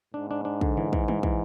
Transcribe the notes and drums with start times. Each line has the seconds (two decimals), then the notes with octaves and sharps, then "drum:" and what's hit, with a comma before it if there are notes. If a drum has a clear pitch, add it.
0.14 G#2 D4
0.31 D4
0.45 D4
0.61 D3, drum: kick
0.77 E3
0.93 E3, drum: kick
1.08 E3, drum: tom
1.23 E3, drum: kick